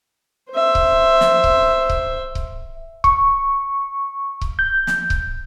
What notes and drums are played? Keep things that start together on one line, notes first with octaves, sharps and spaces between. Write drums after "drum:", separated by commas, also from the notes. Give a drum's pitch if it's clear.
C5 E5
drum: kick C#1
drum: snare
drum: kick C#1
drum: kick C#1
drum: kick C#1
C#6, drum: kick C#1
drum: kick C#1
G6
drum: snare
drum: kick C#1